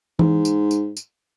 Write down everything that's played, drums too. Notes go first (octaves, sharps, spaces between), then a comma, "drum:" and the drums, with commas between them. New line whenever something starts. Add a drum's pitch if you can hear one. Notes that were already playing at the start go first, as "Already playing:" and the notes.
G#2, drum: tom E3
drum: tambourine
drum: tambourine
drum: tambourine